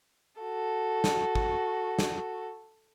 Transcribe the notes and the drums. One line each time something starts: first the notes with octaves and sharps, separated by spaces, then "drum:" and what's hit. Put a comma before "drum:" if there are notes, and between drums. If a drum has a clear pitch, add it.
F#4 A4
drum: snare
drum: kick
drum: snare